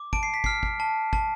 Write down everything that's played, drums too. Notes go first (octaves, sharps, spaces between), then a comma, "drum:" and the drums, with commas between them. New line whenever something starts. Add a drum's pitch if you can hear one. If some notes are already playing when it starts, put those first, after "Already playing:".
Already playing: D6
A5 D7, drum: kick
C7
B6
F6 C7, drum: kick
drum: kick
A5
A5, drum: kick